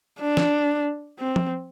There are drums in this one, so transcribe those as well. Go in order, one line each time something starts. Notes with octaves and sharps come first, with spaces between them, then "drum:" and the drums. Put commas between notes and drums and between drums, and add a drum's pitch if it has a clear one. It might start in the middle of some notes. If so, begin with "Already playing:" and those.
D4
drum: snare
C4
drum: tom F3